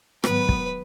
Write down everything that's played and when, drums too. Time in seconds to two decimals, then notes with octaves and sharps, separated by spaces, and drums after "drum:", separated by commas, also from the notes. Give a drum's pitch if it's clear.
0.24 G#2 D#3 F#3 B3 B4, drum: rim click
0.49 drum: kick